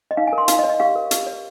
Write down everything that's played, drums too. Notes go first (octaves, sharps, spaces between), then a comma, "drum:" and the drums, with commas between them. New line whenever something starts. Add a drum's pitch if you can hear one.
D#5
D#4 F5
G#5
A#4
C6
D#4 F5, drum: hi-hat
D#5
C#5
D#5
G4 F5
A#4
G4, drum: hi-hat
C#5